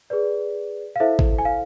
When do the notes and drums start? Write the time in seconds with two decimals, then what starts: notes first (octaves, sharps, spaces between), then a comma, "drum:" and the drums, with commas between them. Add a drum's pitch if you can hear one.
0.10 G#4 B4 D5
0.96 F5
1.00 E4 A4 C5 E5
1.19 drum: kick
1.38 G#5
1.45 F5